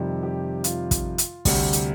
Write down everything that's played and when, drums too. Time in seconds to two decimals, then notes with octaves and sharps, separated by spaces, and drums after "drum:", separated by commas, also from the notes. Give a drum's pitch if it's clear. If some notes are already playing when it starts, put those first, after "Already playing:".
Already playing: F2 C3 D#3 G3
0.23 G4
0.64 F4, drum: hi-hat
0.91 drum: kick, hi-hat
1.18 drum: hi-hat
1.45 D2 C3 G3, drum: kick, open hi-hat
1.73 drum: hi-hat